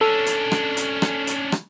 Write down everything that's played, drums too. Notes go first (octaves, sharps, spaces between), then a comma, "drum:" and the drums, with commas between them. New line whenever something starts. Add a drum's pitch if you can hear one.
C#4 D4 A4
drum: hi-hat
drum: rim click
drum: hi-hat
drum: rim click
drum: hi-hat
drum: rim click